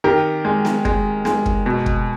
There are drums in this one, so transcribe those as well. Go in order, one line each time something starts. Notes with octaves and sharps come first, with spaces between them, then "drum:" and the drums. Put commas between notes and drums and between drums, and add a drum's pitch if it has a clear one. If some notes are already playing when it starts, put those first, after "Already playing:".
D#3 G4 A#4
G#3
drum: snare B3
G#3, drum: kick
G#3, drum: snare B3
drum: kick
B2
drum: kick